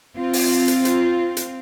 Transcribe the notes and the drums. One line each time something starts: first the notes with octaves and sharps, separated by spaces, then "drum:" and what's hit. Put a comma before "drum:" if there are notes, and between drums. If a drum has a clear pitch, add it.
C4 F4
drum: open hi-hat
drum: hi-hat
drum: hi-hat
drum: hi-hat